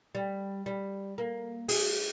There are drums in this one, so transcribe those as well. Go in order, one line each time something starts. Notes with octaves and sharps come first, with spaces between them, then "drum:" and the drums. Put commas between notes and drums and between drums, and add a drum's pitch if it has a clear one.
G3
G3
A#3
G#4, drum: open hi-hat